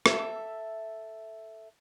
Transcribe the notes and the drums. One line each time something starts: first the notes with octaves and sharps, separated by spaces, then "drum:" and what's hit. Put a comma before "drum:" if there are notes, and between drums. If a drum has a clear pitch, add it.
A4 E5, drum: rim click